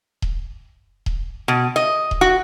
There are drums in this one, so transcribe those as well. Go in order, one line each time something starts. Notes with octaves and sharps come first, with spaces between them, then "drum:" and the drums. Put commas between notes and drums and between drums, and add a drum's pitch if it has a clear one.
drum: kick D#1
drum: kick D#1
B2
D#5
drum: kick D#1
F#4